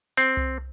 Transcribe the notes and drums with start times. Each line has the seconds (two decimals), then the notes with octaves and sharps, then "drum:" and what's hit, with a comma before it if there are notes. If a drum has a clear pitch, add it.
0.17 C4
0.37 drum: tom C2